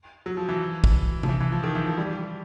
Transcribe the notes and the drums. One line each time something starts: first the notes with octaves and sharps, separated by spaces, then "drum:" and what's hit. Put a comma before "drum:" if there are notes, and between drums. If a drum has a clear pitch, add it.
F#3
F3
E3
drum: kick
F3, drum: tom C3
E3
E3
F3
D#3
E3
F3
G3